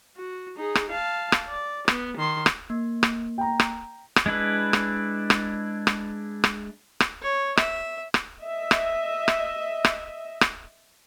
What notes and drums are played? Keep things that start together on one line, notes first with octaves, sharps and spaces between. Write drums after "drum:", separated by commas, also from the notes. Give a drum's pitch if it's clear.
F#4
D#4 G#4
drum: rim click
F5 A5
drum: rim click
D5
B3, drum: rim click
D#3 C6
drum: rim click
A#3
drum: rim click
G5 A#5
drum: rim click
drum: rim click
G#3 D4 E4 B4
drum: rim click
drum: rim click
drum: rim click
drum: rim click
drum: rim click
C#5
E5, drum: rim click
drum: rim click
D#5 E5
drum: rim click
drum: rim click
drum: rim click
drum: rim click